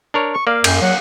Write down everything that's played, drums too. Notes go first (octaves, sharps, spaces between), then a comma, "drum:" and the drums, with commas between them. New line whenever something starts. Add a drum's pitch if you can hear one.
D4 A#4 C#5
C#6
A#3 D5 F5
F#2 G5, drum: cymbal
F#3 F#5